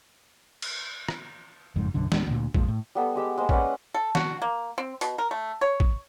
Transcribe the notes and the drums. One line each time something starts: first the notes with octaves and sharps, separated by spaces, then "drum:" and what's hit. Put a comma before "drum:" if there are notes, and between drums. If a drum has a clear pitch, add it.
drum: cymbal
drum: rim click
F#1 F2 G#2
B1 F#2 D3
D1 G#3 D4, drum: snare
D2 A#2
F2 A#2 F3 G#3, drum: kick
A2
G3 B3 A4
G#3 G4 E6
G#3 A#3 C5
C#4 B4 D5 F#5, drum: kick
A4
F#4, drum: snare
A#3
C4
B2, drum: hi-hat
A#4
A3
C#5
drum: kick